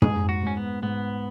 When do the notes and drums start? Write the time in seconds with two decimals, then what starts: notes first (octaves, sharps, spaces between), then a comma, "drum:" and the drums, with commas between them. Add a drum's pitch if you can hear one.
0.02 G#2 G#4, drum: tom
0.29 F#4
0.43 G#2 C#4
0.57 B3
0.83 G#2 B3